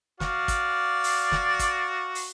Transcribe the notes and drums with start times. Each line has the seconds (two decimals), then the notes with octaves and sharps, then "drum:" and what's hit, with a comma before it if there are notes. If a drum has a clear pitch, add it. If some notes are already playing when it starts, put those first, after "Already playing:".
0.20 F#4 D5 F5, drum: snare
0.48 drum: kick, hi-hat
1.04 drum: open hi-hat
1.32 drum: snare
1.59 drum: kick, hi-hat
2.15 drum: open hi-hat